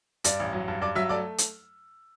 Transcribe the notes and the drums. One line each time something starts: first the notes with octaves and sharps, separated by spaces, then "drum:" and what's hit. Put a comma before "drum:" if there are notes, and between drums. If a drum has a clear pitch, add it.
G2 D5 D6, drum: hi-hat
A1
F#3
G2
G2 D5 D6
F#3 E5 E6
A3 D5 D6
drum: hi-hat